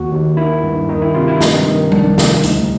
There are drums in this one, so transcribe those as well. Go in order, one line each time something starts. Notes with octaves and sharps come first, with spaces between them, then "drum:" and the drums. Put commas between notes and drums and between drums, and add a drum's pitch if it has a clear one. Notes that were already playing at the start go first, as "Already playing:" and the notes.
Already playing: D#2 F#4
D#2
D#3 E4
G2
D#3 D#4
E4
C3 F4
E4
G2 D#4, drum: snare
D#3
C2 D4, drum: tom G3
C2, drum: snare
D2 D#4, drum: hi-hat